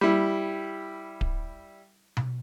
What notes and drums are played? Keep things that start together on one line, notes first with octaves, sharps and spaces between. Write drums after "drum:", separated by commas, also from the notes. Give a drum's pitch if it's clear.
G3 E4
drum: kick D1
drum: tom B2